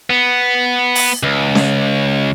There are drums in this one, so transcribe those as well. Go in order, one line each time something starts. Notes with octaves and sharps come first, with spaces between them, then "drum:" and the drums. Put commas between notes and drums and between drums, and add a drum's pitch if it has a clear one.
B3
drum: open hi-hat
C#2
drum: snare C#4